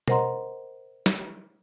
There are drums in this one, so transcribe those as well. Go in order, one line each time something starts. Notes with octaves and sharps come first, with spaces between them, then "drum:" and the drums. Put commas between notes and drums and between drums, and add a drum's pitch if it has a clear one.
A#4 C5 D#5 F#5 A#5 C6, drum: tom B2
drum: snare